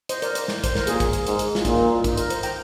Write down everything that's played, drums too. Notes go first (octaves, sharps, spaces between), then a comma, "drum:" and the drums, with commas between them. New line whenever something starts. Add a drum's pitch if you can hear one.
C5 D#5, drum: hi-hat
A#4 D5, drum: hi-hat
C5, drum: hi-hat
drum: snare
C5, drum: kick A#1, hi-hat
A#4, drum: snare
A#2 G#4, drum: hi-hat
drum: kick A#1, hi-hat
drum: hi-hat
G#2, drum: hi-hat
drum: hi-hat
F4, drum: snare
A#2 D#4, drum: kick A#1, hi-hat
F4
F4
D#4, drum: kick A#1, hi-hat
A#4, drum: hi-hat
C5, drum: hi-hat
G5 A#5, drum: hi-hat